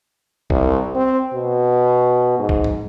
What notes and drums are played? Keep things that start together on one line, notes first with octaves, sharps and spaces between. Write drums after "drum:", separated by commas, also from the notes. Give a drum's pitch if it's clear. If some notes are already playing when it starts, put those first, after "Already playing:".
C2, drum: kick A#1
C4
B2
G#2
drum: kick A#1
drum: tom A2